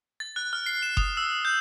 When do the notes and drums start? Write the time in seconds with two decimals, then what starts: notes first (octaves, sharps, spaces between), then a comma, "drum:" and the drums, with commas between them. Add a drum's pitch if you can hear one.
0.20 A6
0.36 F#6
0.53 F6
0.66 C7
0.83 E7
0.97 D#6, drum: kick F#1
1.17 E6
1.45 G6